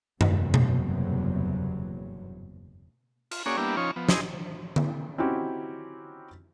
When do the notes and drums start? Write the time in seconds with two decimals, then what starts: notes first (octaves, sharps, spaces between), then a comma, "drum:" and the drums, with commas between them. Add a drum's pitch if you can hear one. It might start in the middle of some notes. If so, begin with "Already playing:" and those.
0.21 F#1 E2 G2 C3 F#3, drum: tom F#2
0.54 drum: tom B2
3.31 F4, drum: cymbal
3.46 A#3 C#4 F#4 G#4 C#5 D5
3.57 G3 A#3 B3 D4 E4 G4
3.77 F3 C#4 D#4 F4 C#5
3.96 F3 B3
4.09 E4 G#4 C5 D#5, drum: snare
4.76 drum: tom D3
5.18 C4 C#4 D#4 E4 F#4 G4